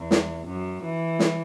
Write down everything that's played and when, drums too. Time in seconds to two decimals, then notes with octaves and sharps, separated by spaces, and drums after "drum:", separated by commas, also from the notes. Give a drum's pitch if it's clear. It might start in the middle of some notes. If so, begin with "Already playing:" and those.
Already playing: E2
0.11 drum: snare
0.47 F#2
0.83 E3
1.19 drum: snare